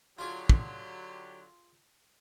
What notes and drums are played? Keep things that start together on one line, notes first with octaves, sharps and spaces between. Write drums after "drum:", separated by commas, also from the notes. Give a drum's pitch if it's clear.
D3 F#3 F4 G4 G#4
drum: kick